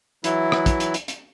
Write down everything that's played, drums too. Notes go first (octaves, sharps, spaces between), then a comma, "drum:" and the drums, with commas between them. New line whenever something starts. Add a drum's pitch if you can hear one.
E3 F#3 E4, drum: hi-hat
drum: rim click
drum: kick, hi-hat
drum: hi-hat
drum: hi-hat
drum: hi-hat